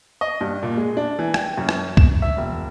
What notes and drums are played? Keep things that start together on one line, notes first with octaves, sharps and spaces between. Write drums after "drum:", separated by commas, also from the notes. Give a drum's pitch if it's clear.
D#5
G2
A#2
G#3
D4
E3
G5, drum: rim click
F#2
drum: rim click
E7, drum: kick C2
E5
E1